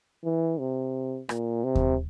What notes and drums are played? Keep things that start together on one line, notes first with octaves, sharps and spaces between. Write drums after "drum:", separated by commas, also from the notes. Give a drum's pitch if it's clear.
E3
C3
A#2, drum: rim click
C3
drum: kick D#2